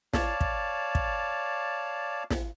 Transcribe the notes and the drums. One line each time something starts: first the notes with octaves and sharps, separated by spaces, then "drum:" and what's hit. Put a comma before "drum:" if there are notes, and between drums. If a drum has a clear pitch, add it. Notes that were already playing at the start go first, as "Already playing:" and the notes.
C#5 D5 F5 A5, drum: snare
drum: kick
drum: kick
drum: snare